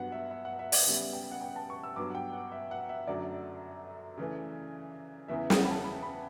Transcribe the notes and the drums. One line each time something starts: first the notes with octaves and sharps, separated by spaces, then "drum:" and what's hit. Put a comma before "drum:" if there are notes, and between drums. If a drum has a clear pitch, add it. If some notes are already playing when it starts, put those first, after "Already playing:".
Already playing: G2 F#3 B3 F#5
E5
E5
F#5
E5
D5, drum: open hi-hat
C#3 G3 B3 E5
G5
F#5
G5
A5
C#6
E6
G2 F#3 B3 D6
F#5
G5
F#5
E5
F#5
E5
F#2 D3 F#3 A3 D5
C#3 E3 A3
E2 C#3 E3 B3 E5
G5, drum: snare
F#5
B5
A5
B5
B5